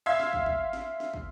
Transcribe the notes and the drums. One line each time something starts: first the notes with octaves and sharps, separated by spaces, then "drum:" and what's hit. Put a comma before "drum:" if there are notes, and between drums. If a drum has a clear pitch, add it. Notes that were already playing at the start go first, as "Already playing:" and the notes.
E5 F5 C6 E6 G#6
drum: snare
drum: kick
drum: kick
drum: snare
drum: snare
drum: kick